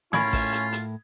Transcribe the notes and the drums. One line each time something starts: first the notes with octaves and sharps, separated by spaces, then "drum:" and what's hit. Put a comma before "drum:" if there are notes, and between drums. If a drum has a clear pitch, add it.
A2 C#4 F4 A#4 B5 G#6, drum: snare
drum: kick A1, open hi-hat
drum: hi-hat
drum: hi-hat